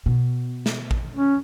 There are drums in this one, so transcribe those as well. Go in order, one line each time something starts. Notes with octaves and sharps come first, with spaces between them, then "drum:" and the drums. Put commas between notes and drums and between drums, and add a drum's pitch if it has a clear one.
B2
drum: snare
drum: kick A1
C#4